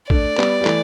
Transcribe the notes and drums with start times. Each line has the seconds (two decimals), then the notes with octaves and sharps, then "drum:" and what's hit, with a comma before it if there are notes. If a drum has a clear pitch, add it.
0.10 A3 D4 D5, drum: kick
0.38 G3 B3, drum: clap
0.61 G3
0.64 E3 A3, drum: clap